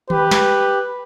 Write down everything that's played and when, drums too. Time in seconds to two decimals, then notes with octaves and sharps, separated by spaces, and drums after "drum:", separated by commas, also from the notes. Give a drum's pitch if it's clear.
0.10 G4 B4, drum: tom D#3
0.31 drum: snare